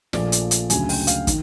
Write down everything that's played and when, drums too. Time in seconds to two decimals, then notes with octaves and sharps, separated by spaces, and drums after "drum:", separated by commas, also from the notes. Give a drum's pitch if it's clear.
0.13 A#1 A#2 F3 A3 D5, drum: snare
0.32 drum: hi-hat
0.51 drum: hi-hat
0.70 D2 C#3 F#3 G#5, drum: hi-hat
0.89 G5, drum: open hi-hat
1.07 F5, drum: hi-hat
1.27 D#3, drum: kick, hi-hat